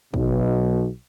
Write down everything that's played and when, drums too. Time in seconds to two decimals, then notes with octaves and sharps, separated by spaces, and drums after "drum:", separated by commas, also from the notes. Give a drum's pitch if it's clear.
0.14 B1 B2, drum: kick